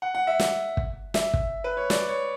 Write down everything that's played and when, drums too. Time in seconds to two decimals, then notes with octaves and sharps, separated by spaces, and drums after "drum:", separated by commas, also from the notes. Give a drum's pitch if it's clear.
0.02 F#5
0.15 F#5
0.27 E5
0.40 drum: snare
0.77 drum: kick
1.14 E5, drum: snare
1.34 drum: kick
1.64 B4
1.77 C#5
1.90 D5, drum: snare
2.08 C#5